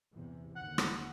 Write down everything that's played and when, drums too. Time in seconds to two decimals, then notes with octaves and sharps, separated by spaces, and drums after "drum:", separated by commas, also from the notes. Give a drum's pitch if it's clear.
0.13 E2 C3 E3
0.56 D#2 D3 F#5
0.78 drum: rim click